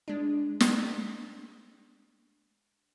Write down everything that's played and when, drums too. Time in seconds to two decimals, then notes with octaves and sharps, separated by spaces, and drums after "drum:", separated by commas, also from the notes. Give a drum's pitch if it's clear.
0.08 G#3 D4
0.60 drum: snare